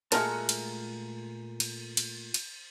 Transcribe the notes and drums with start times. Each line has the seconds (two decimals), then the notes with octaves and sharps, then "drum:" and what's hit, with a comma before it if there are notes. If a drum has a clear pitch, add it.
0.12 A#2 G#3 A3 F#4 A#4 A5, drum: cymbal
0.49 drum: cymbal
1.60 drum: cymbal
1.97 drum: cymbal
2.34 drum: cymbal